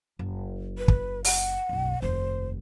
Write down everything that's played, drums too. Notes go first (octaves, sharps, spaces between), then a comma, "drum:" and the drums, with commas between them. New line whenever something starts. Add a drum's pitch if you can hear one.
F#1
B4
drum: kick
F#5, drum: open hi-hat
F#1 B1
F1 D#2 C5